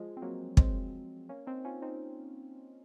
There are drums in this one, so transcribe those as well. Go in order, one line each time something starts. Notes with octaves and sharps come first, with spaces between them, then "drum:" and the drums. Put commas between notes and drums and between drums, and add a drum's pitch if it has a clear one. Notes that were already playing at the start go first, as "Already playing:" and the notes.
Already playing: F3 G#3
C4
F#3 A#3
G#3 C4, drum: kick
A#3 C#4
C4 D#4
C#4 F4
C4 D#4